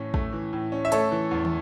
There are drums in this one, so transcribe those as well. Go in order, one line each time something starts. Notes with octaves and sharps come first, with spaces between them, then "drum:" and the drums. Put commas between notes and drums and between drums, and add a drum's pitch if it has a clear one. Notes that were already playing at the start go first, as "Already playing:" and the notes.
Already playing: A2 E3 A3 C#4
A3, drum: kick
E3
A2
C#4
E5
A3 A4 C#5, drum: hi-hat
E3
E2
drum: tom